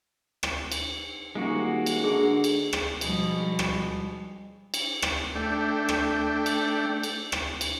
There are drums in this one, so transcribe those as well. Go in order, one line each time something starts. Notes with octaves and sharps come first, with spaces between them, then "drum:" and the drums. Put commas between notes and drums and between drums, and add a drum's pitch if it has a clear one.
drum: rim click
drum: cymbal
D#1 G#3 A#3 F#4
drum: cymbal
D3 G#4
drum: cymbal
drum: rim click
B2 F3 G3 G#3, drum: cymbal
drum: rim click
drum: cymbal
drum: rim click
A3 D4 G5
drum: rim click
drum: cymbal
drum: cymbal
drum: rim click
drum: cymbal